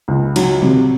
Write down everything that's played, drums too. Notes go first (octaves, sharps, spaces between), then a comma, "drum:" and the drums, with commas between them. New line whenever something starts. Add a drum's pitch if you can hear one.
C#2
F#3, drum: cymbal
C3, drum: tom